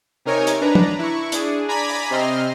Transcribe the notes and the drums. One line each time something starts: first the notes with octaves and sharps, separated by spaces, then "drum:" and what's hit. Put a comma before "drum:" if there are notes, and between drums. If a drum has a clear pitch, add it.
C3 D#4 A#4 C#5 G#5
drum: hi-hat
D4 B4 A#5
drum: tom
E4 C#6
D4 G#4, drum: hi-hat
D5 G#5 A#5 B5 G#6 B6
drum: open hi-hat
C3 C4 D#5 C6 F6